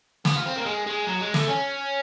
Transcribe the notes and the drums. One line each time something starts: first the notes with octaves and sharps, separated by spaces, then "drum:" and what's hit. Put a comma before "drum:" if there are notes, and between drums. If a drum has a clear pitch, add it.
B3, drum: snare
F4
C4
A#3
G#3
G#3
F#3
G#3
A3, drum: snare
C#4